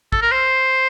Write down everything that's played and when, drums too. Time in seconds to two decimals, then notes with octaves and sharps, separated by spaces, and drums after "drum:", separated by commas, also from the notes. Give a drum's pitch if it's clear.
0.12 A4, drum: kick
0.22 A#4
0.32 C5